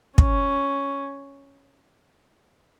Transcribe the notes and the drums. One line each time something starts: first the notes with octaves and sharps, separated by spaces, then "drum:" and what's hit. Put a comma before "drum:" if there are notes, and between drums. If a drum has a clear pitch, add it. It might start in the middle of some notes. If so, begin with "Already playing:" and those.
C#4, drum: kick